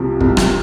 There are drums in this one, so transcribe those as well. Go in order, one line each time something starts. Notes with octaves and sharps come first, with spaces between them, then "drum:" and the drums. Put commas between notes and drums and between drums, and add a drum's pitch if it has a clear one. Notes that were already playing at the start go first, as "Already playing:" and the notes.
Already playing: C2 C3 F3
C2, drum: kick
drum: rim click